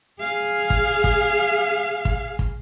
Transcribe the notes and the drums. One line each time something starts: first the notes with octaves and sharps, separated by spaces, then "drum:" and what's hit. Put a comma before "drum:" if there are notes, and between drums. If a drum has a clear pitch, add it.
G#4 F5
drum: kick
drum: kick
drum: kick
drum: kick